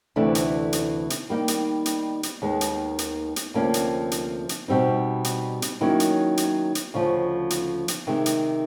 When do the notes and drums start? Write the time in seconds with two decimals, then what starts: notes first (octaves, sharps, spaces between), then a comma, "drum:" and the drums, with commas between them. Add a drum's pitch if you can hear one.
0.16 D2 C3 E3 A3 D4
0.35 drum: hi-hat
0.73 drum: hi-hat
1.10 drum: hi-hat
1.29 D#3 G3 A#3 D#4
1.48 drum: hi-hat
1.86 drum: hi-hat
2.23 drum: hi-hat
2.42 D#2 D#3 G#3 B3
2.61 drum: hi-hat
2.99 drum: hi-hat
3.36 drum: hi-hat
3.54 D2 C3 F3 A#3 C#4
3.74 drum: hi-hat
4.11 drum: hi-hat
4.49 drum: hi-hat
4.68 B2 G3 C4 D#4
5.24 drum: hi-hat
5.62 drum: hi-hat
5.81 D#3 F#3 A#3 C#4 E4
6.00 drum: hi-hat
6.37 drum: hi-hat
6.75 drum: hi-hat
6.94 D2 C#3 F3
7.50 drum: hi-hat
7.88 drum: hi-hat
8.07 C3 D#3 G#3
8.26 drum: hi-hat